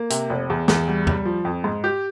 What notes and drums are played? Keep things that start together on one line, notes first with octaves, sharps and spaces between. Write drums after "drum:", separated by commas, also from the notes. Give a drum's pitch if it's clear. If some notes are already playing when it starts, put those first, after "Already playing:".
Already playing: A#3
C3, drum: hi-hat
F1
E2
E2, drum: snare
G3
G3, drum: tom E2
F3
F2
G#2
G4